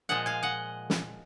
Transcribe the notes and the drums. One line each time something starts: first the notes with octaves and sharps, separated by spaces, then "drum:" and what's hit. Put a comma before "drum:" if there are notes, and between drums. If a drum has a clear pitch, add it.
A#2 F3 G#3 D#5 F#5
F5 G#5
D#5 F#5
drum: snare